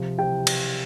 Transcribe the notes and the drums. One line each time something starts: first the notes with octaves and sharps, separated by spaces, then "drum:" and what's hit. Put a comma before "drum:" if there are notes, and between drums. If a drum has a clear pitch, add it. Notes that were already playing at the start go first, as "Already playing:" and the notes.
Already playing: C3 F3
C3 G5
drum: cymbal